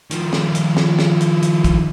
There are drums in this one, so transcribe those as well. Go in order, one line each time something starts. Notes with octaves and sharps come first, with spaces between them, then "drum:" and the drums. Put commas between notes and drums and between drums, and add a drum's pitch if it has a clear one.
D#3 F3, drum: hi-hat
drum: snare
drum: hi-hat
drum: snare
drum: snare
drum: hi-hat
drum: hi-hat
drum: kick, hi-hat